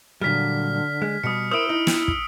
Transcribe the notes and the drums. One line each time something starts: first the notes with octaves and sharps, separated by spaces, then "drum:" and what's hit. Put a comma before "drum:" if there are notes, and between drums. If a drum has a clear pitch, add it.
A#2 D3 F#3 G3 F6 B6
G#3
B2 G3 D#6 C#7
E4 A#4 C5 D#6 E6 D7
D#4 E4
drum: snare
drum: kick